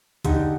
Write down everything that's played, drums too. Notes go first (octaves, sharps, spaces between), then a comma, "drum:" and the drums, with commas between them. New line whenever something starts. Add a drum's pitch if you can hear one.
D3 D#4 G4, drum: kick, hi-hat